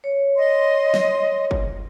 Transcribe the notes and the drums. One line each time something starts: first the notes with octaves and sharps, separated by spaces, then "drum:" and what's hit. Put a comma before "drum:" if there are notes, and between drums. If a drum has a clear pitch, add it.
C#5
D#5 C6
drum: snare
drum: kick F#1